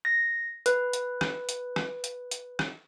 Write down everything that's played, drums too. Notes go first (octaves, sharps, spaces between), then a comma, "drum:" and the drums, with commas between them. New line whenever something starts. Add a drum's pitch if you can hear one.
A#6
B4, drum: hi-hat
drum: hi-hat
drum: rim click
drum: hi-hat
drum: rim click
drum: hi-hat
drum: hi-hat
drum: rim click